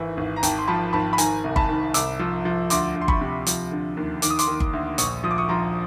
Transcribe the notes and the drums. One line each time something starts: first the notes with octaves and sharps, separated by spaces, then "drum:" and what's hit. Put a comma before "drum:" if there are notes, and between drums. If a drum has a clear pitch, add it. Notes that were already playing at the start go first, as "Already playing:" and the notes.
Already playing: G#1 E3
G#1
A#5
G#1 G5 A5, drum: hi-hat
C6
F3 A5 B5
G#1 A5 B5
B5
D#3 G#5 A#5, drum: hi-hat
C2
A5 B5, drum: kick G1
D#3
C2 D6 E6, drum: hi-hat
F3
F3
D2 C6 D6, drum: hi-hat
D2
C6
B5 C#6, drum: kick G1
C3
F3, drum: hi-hat
D3
D#2
D#3 D6, drum: hi-hat
D#6
C6 D6, drum: hi-hat
D#3
drum: kick G1
D2
A#1 C#6 D#6, drum: hi-hat
F3 D#6
D6
C#6 D#6
F3 A#5 C6